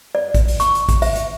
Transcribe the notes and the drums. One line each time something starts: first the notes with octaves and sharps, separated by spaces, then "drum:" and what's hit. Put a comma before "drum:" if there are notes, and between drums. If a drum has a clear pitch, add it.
D5
drum: kick, hi-hat
drum: open hi-hat
C#6, drum: hi-hat
drum: hi-hat
drum: kick, hi-hat
E5, drum: open hi-hat
drum: hi-hat